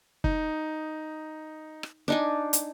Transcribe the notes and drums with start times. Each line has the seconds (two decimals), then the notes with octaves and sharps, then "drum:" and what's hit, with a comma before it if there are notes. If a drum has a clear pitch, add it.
0.24 D#4, drum: kick
1.83 drum: rim click
2.08 D4 D#4 G#5
2.53 drum: hi-hat